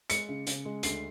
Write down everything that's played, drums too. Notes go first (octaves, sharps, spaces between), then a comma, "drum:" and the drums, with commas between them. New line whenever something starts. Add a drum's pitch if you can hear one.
G#3 C#7, drum: hi-hat
C#3
C#3, drum: hi-hat
G#3
D2 C7, drum: hi-hat